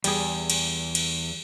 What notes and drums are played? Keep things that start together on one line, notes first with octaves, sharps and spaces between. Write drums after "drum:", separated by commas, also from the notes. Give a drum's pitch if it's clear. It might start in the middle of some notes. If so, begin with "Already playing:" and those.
E2 G3 G#4, drum: cymbal
drum: cymbal
drum: cymbal